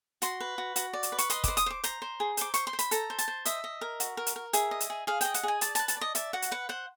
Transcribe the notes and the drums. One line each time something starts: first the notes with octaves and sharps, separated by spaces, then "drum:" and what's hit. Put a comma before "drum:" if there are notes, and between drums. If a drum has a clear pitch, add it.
F#4 C6, drum: hi-hat
B4
F#4
F#4, drum: hi-hat
D5
drum: hi-hat
B4
C#6, drum: hi-hat
D#5 C6, drum: hi-hat
C5 D6, drum: kick, hi-hat
D#6, drum: hi-hat
C5 D6
C5 A#5, drum: hi-hat
C5
G#4
C5 D6, drum: hi-hat
C5 C#6, drum: hi-hat
C6
C5
B5, drum: hi-hat
A4 A#5, drum: hi-hat
C5
A5, drum: hi-hat
C5
D#5 E5, drum: hi-hat
D#5
A#4
F#4, drum: hi-hat
A#4
drum: hi-hat
A#4
G#4 E5, drum: hi-hat
D#5
drum: hi-hat
G#4
G#4 F5
D#5 G5, drum: hi-hat
F#5, drum: hi-hat
G#4 G#5
D5 A5, drum: hi-hat
A5, drum: hi-hat
B4
A5, drum: hi-hat
D5 D#5
D5 E5, drum: hi-hat
F#4 F#5
drum: hi-hat
B4 F#5
C5 F#5